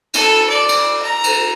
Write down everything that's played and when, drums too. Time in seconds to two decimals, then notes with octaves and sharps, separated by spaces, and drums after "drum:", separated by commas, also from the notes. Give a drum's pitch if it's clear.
0.14 A4, drum: cymbal
0.50 D5
0.69 drum: cymbal
1.02 A#5
1.24 drum: cymbal